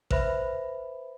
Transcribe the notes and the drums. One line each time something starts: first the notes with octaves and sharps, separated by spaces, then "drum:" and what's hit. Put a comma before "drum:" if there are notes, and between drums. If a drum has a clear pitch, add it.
B4 C5 E5 B5, drum: kick A1